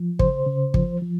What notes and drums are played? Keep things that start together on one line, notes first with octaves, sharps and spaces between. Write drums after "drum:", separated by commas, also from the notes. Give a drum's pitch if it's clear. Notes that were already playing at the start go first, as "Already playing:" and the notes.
Already playing: F3
C#3 C5, drum: kick
C#3
F3, drum: kick
F3